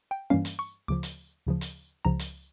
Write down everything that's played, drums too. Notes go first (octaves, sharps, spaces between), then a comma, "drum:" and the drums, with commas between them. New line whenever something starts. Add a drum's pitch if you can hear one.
G5
G2 E3 G3 A#3 C#4 F5
drum: hi-hat
C#6
D2 C#3 F3 D6
drum: hi-hat
D2 C#3 F3
drum: hi-hat
C#2 C#3 F3 A#5
drum: hi-hat